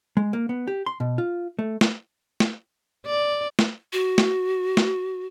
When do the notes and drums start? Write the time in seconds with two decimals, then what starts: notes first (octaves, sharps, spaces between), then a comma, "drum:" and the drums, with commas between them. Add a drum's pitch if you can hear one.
0.17 G#3
0.33 A#3
0.49 B3
0.67 G4
0.86 C6
1.00 B2
1.18 F4
1.59 A3
1.81 drum: snare
2.40 drum: snare
3.06 D5
3.59 drum: snare
3.93 F#4
4.18 drum: snare
4.77 drum: snare